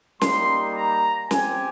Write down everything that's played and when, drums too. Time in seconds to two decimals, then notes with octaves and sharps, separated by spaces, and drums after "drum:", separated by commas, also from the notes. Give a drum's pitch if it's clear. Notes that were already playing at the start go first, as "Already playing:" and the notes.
0.21 G3 A#3 D#4 C6, drum: snare
0.76 A#5
1.31 C4 G4 G#5, drum: snare